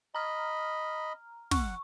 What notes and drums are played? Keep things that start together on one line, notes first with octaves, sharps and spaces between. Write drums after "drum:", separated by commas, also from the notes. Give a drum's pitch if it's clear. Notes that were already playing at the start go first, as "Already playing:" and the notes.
D#5 A#5 B5 F6
F#5 C#6, drum: snare